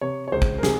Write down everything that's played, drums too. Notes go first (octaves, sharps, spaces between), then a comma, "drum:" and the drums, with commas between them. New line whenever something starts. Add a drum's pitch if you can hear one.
C3 C#5
C#5
C#2 C5
drum: kick G#1
A#4
C3 G#4, drum: snare